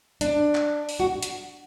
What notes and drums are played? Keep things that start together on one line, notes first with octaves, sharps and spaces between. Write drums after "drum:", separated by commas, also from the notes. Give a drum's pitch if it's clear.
D4, drum: hi-hat
drum: clap
drum: open hi-hat
F#4
drum: hi-hat